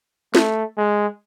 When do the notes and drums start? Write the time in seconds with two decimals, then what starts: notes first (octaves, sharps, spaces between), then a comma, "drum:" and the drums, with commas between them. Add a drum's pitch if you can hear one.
0.35 A3, drum: snare
0.77 G#3